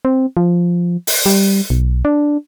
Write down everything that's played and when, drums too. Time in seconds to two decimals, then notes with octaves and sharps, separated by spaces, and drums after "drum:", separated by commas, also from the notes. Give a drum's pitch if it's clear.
0.05 C4
0.37 F3
1.07 drum: open hi-hat
1.26 G3
1.70 B1
2.05 D4